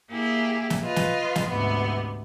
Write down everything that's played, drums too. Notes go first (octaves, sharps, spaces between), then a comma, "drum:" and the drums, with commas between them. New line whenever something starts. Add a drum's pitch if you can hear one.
A#3 E4 G4 G#4
drum: snare
F4 B4 D#5
drum: snare
drum: snare
D2 G#2 C3 B3